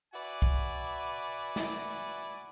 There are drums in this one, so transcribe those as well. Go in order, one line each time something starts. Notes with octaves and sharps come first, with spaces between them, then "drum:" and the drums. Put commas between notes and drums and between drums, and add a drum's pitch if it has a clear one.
F#4 B4 D5 E5 G#5
drum: kick
drum: snare